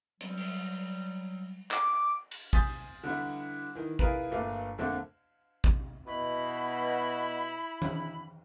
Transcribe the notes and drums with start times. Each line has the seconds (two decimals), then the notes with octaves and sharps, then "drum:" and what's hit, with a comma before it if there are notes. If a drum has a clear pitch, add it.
0.21 F#3 G3, drum: hi-hat
0.38 drum: open hi-hat
1.71 D6, drum: clap
2.31 drum: cymbal
2.53 G#5 C6 D#6 G6 A6 B6, drum: kick A#1
3.04 D3 E3 G3 E4
3.75 D#3 E3
3.99 E4 F4 G#4 A#4 B4, drum: kick A#1
4.31 G1 A#2 A3 F4 B4 F5
4.78 F2 A#2 D3 A3 C4
5.64 drum: kick A#1
6.07 B2 E4 B5
7.82 drum: tom E3